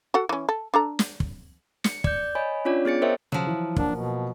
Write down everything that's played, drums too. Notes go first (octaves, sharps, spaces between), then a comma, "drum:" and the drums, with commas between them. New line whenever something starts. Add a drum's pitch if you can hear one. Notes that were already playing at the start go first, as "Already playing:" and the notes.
F#4 A4 F#5
E3 C#4
A4
D4 A4 A#5
drum: snare
drum: kick
C#7, drum: snare
D5 G6, drum: kick
C#5 D#5 G#5 B5
C#4 D4 F4 C#5 D5
B3 G#4 A6 C#7
A#4 C5 C#5 D#5 E5 G5
C#3 F3 F#3
E3
A#3 D4 A#4 F#5, drum: kick
B2